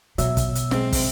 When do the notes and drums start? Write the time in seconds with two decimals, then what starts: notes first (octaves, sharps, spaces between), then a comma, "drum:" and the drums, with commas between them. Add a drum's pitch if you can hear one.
0.18 B2 F#3 E5, drum: hi-hat
0.37 drum: kick, hi-hat
0.55 drum: hi-hat
0.71 B1 G#3 C4, drum: snare
0.92 drum: kick, open hi-hat